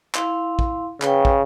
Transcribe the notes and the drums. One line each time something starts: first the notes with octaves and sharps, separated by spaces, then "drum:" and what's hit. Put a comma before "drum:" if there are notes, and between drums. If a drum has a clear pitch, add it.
E4 F5 C6, drum: clap
drum: kick
C#3 B4 G5, drum: clap
drum: kick